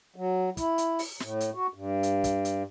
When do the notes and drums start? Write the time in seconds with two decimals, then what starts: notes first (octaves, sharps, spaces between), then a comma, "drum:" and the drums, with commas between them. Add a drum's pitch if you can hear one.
0.16 F#3
0.57 E4, drum: kick, hi-hat
0.78 drum: hi-hat
0.99 drum: open hi-hat
1.20 A2, drum: snare
1.40 drum: hi-hat
1.54 F#4
1.74 G2
2.03 drum: hi-hat
2.24 drum: kick, hi-hat
2.45 drum: hi-hat